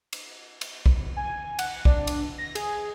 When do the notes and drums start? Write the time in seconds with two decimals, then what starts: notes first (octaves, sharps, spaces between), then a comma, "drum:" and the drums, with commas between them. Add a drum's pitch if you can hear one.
0.13 drum: cymbal
0.61 drum: cymbal
0.86 drum: kick
1.17 G#5
1.59 F#5, drum: cymbal
1.85 D4, drum: kick
2.07 drum: cymbal
2.38 A#6
2.55 G#4, drum: cymbal